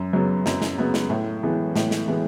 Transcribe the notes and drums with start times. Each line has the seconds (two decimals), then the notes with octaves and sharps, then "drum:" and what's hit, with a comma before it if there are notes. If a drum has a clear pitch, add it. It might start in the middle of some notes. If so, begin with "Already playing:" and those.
Already playing: F#2
0.13 C#3 F#3 B3
0.46 F#2, drum: snare
0.62 drum: snare
0.78 C#3 F#3 B3
0.94 drum: snare
1.10 A2
1.43 E3 G#3 B3
1.76 A2, drum: snare
1.91 drum: snare
2.08 E3 G#3 B3